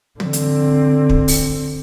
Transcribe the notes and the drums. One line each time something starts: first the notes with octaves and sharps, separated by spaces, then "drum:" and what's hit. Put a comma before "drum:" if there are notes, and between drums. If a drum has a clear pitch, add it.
D3 C4, drum: tom
drum: hi-hat
drum: kick
drum: open hi-hat